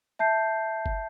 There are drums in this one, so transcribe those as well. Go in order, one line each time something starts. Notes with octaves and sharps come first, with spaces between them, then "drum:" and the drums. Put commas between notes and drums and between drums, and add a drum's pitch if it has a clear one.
E5 A5 G6 C7
drum: kick G1